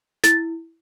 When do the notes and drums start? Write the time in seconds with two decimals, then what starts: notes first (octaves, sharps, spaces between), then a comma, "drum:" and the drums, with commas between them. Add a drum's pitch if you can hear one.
0.24 E4 A6, drum: snare